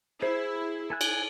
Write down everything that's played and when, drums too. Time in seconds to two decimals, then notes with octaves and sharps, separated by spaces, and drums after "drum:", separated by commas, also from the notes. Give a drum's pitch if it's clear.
0.22 E4 G#4 C5
0.90 A4 G#5 F#6
1.01 drum: cymbal